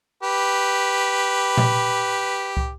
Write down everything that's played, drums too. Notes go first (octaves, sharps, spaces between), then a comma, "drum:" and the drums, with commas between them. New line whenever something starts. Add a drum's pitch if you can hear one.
G4 B4
drum: tom A#2
drum: kick